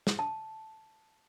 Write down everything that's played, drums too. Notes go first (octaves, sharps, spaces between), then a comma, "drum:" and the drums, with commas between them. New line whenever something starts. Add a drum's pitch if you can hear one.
drum: snare
A5